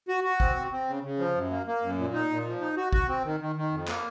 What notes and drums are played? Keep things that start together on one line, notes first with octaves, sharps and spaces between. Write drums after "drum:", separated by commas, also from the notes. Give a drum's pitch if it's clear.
F#4
F#4
C4, drum: kick G#1
C4
C4
C#3
C#3
F3
F#2
A#3
A#3
F#2
A#2
D#4
A#2
F3
D#4
F#4
F#4, drum: kick G#1
C4
D#3
D#3
D#3
F2
A#3, drum: clap